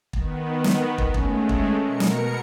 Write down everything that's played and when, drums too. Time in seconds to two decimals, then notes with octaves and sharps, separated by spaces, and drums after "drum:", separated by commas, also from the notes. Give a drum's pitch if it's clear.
0.13 D#3 B3, drum: kick
0.64 drum: snare
0.98 drum: kick
1.14 G#3 A3 C#4, drum: kick
1.49 drum: kick
1.83 B2 A#4 C#7
2.00 drum: snare